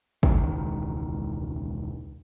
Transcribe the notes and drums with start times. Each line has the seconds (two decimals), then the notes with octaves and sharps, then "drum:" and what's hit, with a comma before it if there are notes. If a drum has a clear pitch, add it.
0.23 E1 C#2 D#3, drum: kick